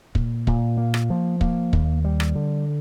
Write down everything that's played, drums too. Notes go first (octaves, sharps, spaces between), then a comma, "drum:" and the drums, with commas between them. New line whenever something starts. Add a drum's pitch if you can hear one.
A#2, drum: kick
A#2, drum: kick
A#3
drum: rim click
F3
A#3, drum: kick
D#2, drum: kick
G3
drum: rim click
D3